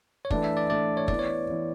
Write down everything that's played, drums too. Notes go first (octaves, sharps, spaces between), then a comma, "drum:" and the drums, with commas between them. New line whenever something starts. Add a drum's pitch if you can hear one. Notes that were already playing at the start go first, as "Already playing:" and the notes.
C#5
E3 A3 D4 D5, drum: kick
E5
D5
E3 A3 D4 D5
C#5
E3 B3 E4 D5, drum: kick
C#5
E3 B3 E4